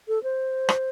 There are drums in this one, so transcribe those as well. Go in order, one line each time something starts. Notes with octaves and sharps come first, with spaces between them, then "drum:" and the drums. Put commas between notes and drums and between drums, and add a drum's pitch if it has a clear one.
A4
C5
drum: rim click